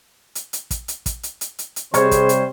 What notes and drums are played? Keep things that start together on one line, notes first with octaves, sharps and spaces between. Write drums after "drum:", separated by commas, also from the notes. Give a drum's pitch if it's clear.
drum: hi-hat
drum: hi-hat
drum: kick, hi-hat
drum: hi-hat
drum: kick, hi-hat
drum: hi-hat
drum: hi-hat
drum: hi-hat
drum: hi-hat
C3 G3 G#4 C5 C#5, drum: hi-hat
drum: kick, hi-hat
drum: hi-hat